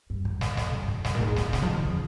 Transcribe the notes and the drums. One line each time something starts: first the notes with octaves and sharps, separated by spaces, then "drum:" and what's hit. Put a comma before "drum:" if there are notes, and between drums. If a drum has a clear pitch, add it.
G2
drum: kick
drum: snare
F2, drum: snare
G2
F2, drum: kick
G2, drum: snare
A#2
G#2, drum: kick
C3, drum: snare
C#3, drum: snare
F3
D#3
C#3, drum: kick